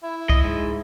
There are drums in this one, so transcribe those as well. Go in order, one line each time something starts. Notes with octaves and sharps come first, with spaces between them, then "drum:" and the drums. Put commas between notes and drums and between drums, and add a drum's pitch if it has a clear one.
E4
D#5, drum: kick C2
G#2